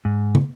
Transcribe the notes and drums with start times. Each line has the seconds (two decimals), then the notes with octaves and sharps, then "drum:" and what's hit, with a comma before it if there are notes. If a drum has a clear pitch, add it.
0.05 G#2
0.35 drum: tom